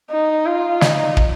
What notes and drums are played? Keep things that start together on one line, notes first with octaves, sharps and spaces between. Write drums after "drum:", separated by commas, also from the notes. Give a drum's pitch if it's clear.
D#4
F4
D#4, drum: snare
drum: kick